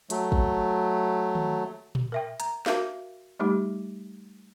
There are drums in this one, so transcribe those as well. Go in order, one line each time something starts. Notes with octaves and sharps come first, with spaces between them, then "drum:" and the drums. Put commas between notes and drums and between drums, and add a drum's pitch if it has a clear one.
F#3 A3, drum: hi-hat
drum: kick
drum: tom D#3
drum: tom A#2
A#4 E5 G5
A#5, drum: hi-hat
F#4 A#4 E5 F5, drum: snare
G3 A3 D#4 G4